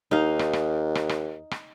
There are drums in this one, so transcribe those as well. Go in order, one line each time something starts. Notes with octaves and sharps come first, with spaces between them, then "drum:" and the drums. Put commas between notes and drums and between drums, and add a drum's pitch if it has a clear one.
D#2 D#4 F5
drum: rim click
drum: rim click
drum: rim click
drum: rim click
drum: rim click